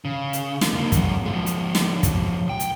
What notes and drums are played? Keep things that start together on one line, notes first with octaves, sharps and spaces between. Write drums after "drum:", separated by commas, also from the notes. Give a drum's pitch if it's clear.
C#3
drum: hi-hat
drum: snare
F2 A#3
G#2 F#3, drum: kick, hi-hat
F3 G#3
drum: hi-hat
drum: snare
drum: kick, hi-hat
B1 G5
drum: hi-hat